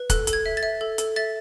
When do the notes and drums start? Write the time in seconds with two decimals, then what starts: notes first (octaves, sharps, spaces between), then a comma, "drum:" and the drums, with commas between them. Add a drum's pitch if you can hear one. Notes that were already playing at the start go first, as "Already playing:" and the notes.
Already playing: B4
0.10 A4 F#6, drum: kick, hi-hat
0.27 A4, drum: hi-hat
0.33 G#6
0.46 E5
0.57 A6
0.63 E5
0.81 A4
0.98 A4, drum: hi-hat
1.16 E5 A6